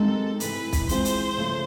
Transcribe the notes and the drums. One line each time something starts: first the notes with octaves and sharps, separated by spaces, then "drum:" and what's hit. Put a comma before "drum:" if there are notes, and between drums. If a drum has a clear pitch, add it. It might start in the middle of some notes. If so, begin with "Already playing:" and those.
Already playing: G#3 C4 D#4 G4 A4 A#4
C3 E3 A3 B4, drum: hi-hat
drum: kick, hi-hat
E3 G#3 C4 F4 C5, drum: hi-hat
drum: hi-hat
C#3 F3 A3